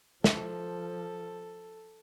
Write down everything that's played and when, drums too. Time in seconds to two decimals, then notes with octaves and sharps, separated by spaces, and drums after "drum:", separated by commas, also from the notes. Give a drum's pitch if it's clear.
0.24 F3 A4, drum: snare